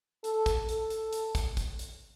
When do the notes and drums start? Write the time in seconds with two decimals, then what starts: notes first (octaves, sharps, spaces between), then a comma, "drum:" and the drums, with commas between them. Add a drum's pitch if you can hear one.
0.24 A4, drum: hi-hat
0.46 drum: kick, hi-hat
0.69 A4, drum: hi-hat
0.90 drum: hi-hat
1.13 drum: hi-hat
1.35 drum: kick, hi-hat
1.57 drum: kick, hi-hat
1.79 drum: hi-hat